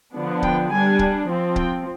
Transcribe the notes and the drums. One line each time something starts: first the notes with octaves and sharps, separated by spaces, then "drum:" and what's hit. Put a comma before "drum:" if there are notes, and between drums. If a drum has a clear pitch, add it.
D3 F3 B3 D4
G5, drum: kick C#1
G3 D4 G#5
drum: kick C#1
F3 C4
G5, drum: kick C#1